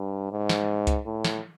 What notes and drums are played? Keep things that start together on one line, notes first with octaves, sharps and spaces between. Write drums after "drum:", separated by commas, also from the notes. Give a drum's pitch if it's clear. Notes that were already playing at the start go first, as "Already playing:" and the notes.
Already playing: G2
G#2
drum: snare
drum: kick C#2, hi-hat
A2
drum: snare